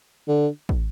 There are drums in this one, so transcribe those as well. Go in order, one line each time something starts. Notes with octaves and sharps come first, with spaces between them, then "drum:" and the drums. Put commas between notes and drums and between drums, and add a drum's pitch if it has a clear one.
D3
drum: kick